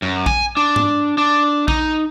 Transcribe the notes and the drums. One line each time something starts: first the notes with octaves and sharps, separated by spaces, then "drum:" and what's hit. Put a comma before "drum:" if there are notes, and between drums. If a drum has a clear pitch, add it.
F#2
G#5, drum: kick A#1
D4
drum: tom G#2
D4
D#4, drum: kick A#1